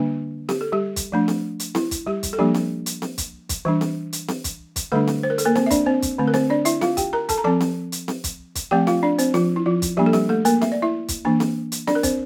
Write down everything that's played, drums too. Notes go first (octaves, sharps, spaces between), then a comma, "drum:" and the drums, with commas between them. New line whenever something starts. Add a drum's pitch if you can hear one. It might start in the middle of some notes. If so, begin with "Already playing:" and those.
Already playing: D3 G3 A#3 D4
G4, drum: snare C4
A4
G3 G4
drum: kick, hi-hat
F3 A3 D4
drum: snare C4
drum: hi-hat
E4, drum: snare C4
drum: kick, hi-hat
G3 G4
drum: kick, hi-hat
A4
F3 G3 A#3 D4 G4
drum: snare C4
drum: hi-hat
drum: snare C4
drum: kick, hi-hat
drum: kick, hi-hat
E3 G3 D4
drum: snare C4
drum: hi-hat
drum: snare C4
drum: kick, hi-hat
drum: kick, hi-hat
D3 G3 A3 D4 A4
drum: snare C4
C5
A#4
A4, drum: hi-hat
A#3 A#4
C4 C5, drum: snare C4
E5
D4 D5, drum: kick, hi-hat
C4 C5
drum: kick, hi-hat
D3 A3 C4
A#4
C4 C5, drum: snare C4
D4 D5
E4 E5, drum: hi-hat
F4 F5, drum: snare C4
G4 G5, drum: kick, hi-hat
A#4 A#5
A4 A5, drum: kick, hi-hat
A#5
F3 C4 A4 A5
drum: snare C4
drum: hi-hat
drum: snare C4
drum: kick, hi-hat
drum: kick, hi-hat
F3 A3 C4 G4 G5
F4 F5, drum: snare C4
D4 D5
C4 C5, drum: hi-hat
F3 F4, drum: snare C4
E4
F3 F4
drum: kick, hi-hat
F3 G3 A#3 D4 G4
A4
G3 G4, drum: snare C4
A3 A4
A#3 A#4, drum: hi-hat
E5, drum: snare C4
D5
E4 E5
drum: kick, hi-hat
E3 A#3 D4
drum: snare C4
drum: hi-hat
D4 D5, drum: snare C4
A#4
C4 C5, drum: kick, hi-hat